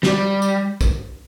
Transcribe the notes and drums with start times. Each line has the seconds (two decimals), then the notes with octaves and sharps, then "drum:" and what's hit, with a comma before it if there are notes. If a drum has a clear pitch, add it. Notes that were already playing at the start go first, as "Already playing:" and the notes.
0.03 G3, drum: snare
0.42 drum: tambourine
0.81 drum: kick, tambourine